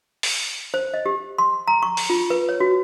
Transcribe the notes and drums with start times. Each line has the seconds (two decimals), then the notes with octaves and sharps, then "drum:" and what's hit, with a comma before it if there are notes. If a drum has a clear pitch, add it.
0.23 drum: open hi-hat
0.74 C5
0.94 D#5
1.06 G4
1.38 C6
1.68 A#5
1.83 C#6
1.97 drum: open hi-hat
2.10 F4
2.30 B4
2.49 C#5
2.60 F#4